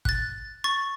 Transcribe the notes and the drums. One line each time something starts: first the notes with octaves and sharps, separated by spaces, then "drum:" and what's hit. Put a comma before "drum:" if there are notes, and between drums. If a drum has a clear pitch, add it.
F#6 A6, drum: kick
C#6 A6